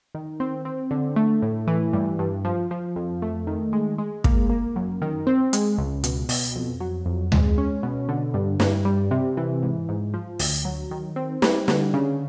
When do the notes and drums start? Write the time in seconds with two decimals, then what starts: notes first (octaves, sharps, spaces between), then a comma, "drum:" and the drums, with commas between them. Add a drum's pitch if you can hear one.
0.15 D#3
0.40 C4
0.65 C4
0.91 D3
1.16 A3
1.42 A2
1.68 E3
1.93 G2
2.19 G2
2.45 F3
2.71 F3
2.96 F2
3.22 A3
3.47 D#3
3.73 G#3
3.98 G#3
4.24 A#3, drum: kick
4.49 A#3
4.76 F#2
5.02 D#3
5.27 C4
5.53 G#3, drum: hi-hat
5.78 C#2
6.04 B2, drum: hi-hat
6.29 B2, drum: open hi-hat
6.56 F2
6.80 F#3
7.06 F2
7.32 G#3, drum: tom D2
7.58 C#4
7.83 B2
8.09 D3
8.34 G2
8.60 G2, drum: snare
8.85 G3
9.11 C3
9.37 E3
9.63 G#2
9.89 G#2
10.14 F3
10.39 D2, drum: open hi-hat
10.65 F#3
10.91 D#3
11.16 C4
11.42 G3, drum: snare
11.68 D3, drum: snare
11.94 C#3